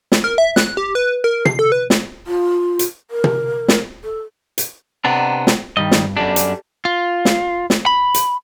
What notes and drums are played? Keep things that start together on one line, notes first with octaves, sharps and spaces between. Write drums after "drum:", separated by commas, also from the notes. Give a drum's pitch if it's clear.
drum: snare
A#4
E5
F#6, drum: snare
G4
B4
A#4
C7, drum: tom
A4
B4
drum: snare
F4
drum: hi-hat
A#4
drum: tom
drum: snare
A4
drum: hi-hat
C3 B3 D4 F#5 G5 A#5
drum: snare
G2 D#3 G3 D#5
drum: snare
F#2 D4 G4 A4 D5
drum: hi-hat
F4
drum: snare
drum: snare
B5
drum: hi-hat